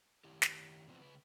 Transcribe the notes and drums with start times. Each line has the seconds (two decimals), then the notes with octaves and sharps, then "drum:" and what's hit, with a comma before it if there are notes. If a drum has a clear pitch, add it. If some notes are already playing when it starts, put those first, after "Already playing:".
0.24 D#3 E4 G4
0.42 drum: snare
0.88 C3 E3 F3 B3 C4
1.01 C#3 B4